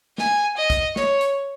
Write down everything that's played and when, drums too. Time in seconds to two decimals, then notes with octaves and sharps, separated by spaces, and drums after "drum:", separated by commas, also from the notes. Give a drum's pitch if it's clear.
0.18 G#5, drum: snare
0.57 D#5
0.70 drum: kick A1, hi-hat
0.96 C#5, drum: snare
1.21 drum: hi-hat